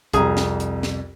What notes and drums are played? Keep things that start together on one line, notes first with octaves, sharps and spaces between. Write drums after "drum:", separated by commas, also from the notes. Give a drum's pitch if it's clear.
C2 F2 G#4 A#5, drum: kick, hi-hat
drum: snare
drum: hi-hat
drum: snare